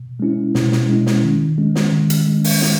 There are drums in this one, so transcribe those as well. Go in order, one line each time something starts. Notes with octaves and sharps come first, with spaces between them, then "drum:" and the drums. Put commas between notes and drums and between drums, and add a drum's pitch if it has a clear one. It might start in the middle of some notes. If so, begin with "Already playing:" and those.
Already playing: B2
G#3 C#4 E4
B2, drum: snare
drum: snare
G#3 C#4 E4
drum: snare
D#3
G#3 C#4
drum: snare
D#3
drum: hi-hat
G#3 C#4
drum: open hi-hat
drum: snare